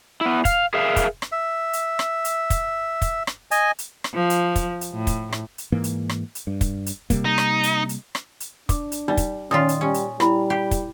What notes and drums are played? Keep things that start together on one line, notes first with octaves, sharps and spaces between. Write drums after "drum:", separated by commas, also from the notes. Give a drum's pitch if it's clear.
B3 E4
F5, drum: kick, hi-hat
G#4 A#4 E5 F5
drum: kick, hi-hat
drum: rim click
E5
drum: hi-hat
drum: rim click
drum: hi-hat
drum: kick, hi-hat
drum: kick, hi-hat
drum: rim click
D#5 G#5, drum: hi-hat
drum: hi-hat
drum: rim click
F3
drum: hi-hat
drum: kick, hi-hat
drum: hi-hat
A2
drum: kick, hi-hat
drum: rim click
drum: hi-hat
G#2 E3 A#3
drum: hi-hat
drum: rim click
drum: hi-hat
G2
drum: kick, hi-hat
drum: hi-hat
C3 G3 A#3, drum: kick, hi-hat
D#4
drum: rim click
drum: hi-hat
drum: hi-hat
drum: rim click
drum: hi-hat
D4 D6, drum: kick, hi-hat
drum: hi-hat
G3 D#4
drum: kick, hi-hat
A#2 D#3 C#4 F4 D#6
drum: hi-hat
G3 C#4
drum: hi-hat
G3 E4 B5, drum: rim click
G4
drum: kick, hi-hat